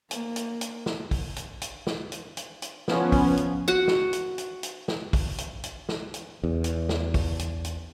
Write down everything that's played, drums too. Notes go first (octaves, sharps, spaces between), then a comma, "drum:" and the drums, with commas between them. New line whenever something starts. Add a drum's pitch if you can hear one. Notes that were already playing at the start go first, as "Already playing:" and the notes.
A#3, drum: hi-hat
drum: hi-hat
drum: hi-hat
drum: snare
drum: kick, open hi-hat
drum: hi-hat
drum: hi-hat
drum: snare
drum: hi-hat
drum: hi-hat
drum: hi-hat
F3 B3 C#4, drum: snare
drum: kick, open hi-hat
drum: hi-hat
F#4 F#5
drum: snare
drum: hi-hat
drum: hi-hat
drum: hi-hat
drum: snare
drum: kick, open hi-hat
drum: hi-hat
drum: hi-hat
drum: snare
drum: hi-hat
E2
drum: hi-hat
drum: snare
drum: kick, open hi-hat
drum: hi-hat
drum: hi-hat